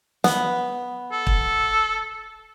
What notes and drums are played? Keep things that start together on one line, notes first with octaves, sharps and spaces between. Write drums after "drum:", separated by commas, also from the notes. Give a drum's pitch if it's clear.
B3, drum: snare
A4
drum: kick